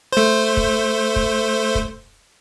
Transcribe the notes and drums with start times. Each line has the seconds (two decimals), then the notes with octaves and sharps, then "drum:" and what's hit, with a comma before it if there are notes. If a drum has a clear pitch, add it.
0.13 A3 C5
0.57 drum: kick
1.16 drum: kick
1.75 drum: kick